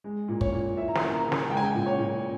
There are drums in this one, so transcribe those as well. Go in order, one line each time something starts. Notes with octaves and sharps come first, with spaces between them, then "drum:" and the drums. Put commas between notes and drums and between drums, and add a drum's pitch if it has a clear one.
G#3
A#2
C#5, drum: kick
A#2
E3 E5
A#5
G#5, drum: snare
A#3
A#5
C#3
G#5, drum: snare
G#3 G5
G#5
G5
A#2
C#5
A#2